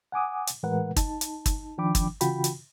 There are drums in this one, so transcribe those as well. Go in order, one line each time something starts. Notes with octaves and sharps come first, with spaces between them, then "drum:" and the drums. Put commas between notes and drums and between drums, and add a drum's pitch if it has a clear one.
F#5 G#5 D6 D#6
drum: hi-hat
A2 E3 G#3 A#4 B4 F#5
D#4 A5, drum: kick, hi-hat
drum: hi-hat
drum: kick, hi-hat
D#3 F3 D4 G5 B5 D6
drum: kick, hi-hat
C#3 E3 F4 F#4 G5 B5, drum: hi-hat
drum: hi-hat